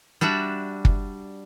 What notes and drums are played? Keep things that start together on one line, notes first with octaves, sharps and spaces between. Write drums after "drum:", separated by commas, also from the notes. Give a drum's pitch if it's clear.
G3 D4 F#4 E5
drum: kick